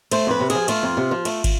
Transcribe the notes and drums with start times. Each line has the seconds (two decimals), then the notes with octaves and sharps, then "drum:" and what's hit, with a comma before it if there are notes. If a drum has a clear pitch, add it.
0.11 A3 C5, drum: cymbal
0.27 F2 B4
0.40 C3
0.50 G#4, drum: cymbal
0.55 F3
0.68 A3 F4, drum: cymbal
0.83 F2
0.97 C3
1.11 F3
1.25 A3, drum: cymbal
1.44 drum: kick, cymbal